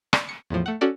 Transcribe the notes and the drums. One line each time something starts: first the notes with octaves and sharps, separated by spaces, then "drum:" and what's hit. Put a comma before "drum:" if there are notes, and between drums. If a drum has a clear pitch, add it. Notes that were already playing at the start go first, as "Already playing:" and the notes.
D5, drum: rim click
C#7
E2 A2 F3
A3 F#5
C#4 F#4 A4 D5